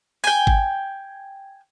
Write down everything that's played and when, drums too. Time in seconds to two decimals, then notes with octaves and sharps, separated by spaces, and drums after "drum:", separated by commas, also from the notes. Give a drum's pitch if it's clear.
0.24 G5 G#5, drum: open hi-hat
0.47 drum: kick G#1